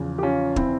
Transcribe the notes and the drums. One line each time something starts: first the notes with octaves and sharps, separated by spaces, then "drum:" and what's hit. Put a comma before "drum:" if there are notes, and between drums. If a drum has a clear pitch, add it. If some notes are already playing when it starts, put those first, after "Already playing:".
Already playing: E2 C#3 F3
G4
C#4 F4
C4 E4, drum: kick